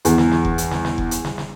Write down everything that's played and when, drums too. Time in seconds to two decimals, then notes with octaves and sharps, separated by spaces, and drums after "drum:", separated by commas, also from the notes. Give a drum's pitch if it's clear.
0.05 E2, drum: hi-hat
0.18 drum: snare
0.31 drum: snare
0.45 drum: kick F1
0.58 drum: hi-hat
0.71 drum: snare
0.85 drum: snare
0.98 drum: kick F1
1.11 drum: hi-hat
1.25 drum: snare
1.38 drum: snare